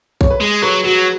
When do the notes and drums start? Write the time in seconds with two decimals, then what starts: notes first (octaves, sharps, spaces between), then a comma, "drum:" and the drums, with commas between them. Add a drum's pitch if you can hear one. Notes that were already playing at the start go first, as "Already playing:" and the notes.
0.21 C#5, drum: kick A#1
0.30 B4
0.41 G#3 G#4
0.62 F#3 B4
0.84 F#3 F#4